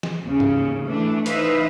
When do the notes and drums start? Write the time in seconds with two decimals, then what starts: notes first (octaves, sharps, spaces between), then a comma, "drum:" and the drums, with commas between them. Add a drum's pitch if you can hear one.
0.03 drum: snare
0.23 D#2 C#3
0.40 drum: tom
0.85 E3 A3 D4
1.26 E3 D#4 B4 C5 E5 F5, drum: hi-hat